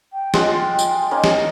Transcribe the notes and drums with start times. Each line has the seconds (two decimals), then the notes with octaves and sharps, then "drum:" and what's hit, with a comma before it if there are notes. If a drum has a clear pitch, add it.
0.13 G5
0.34 G#3 F4 F#5, drum: snare
0.79 drum: tambourine
1.11 A#3 C#4 D#4
1.24 drum: snare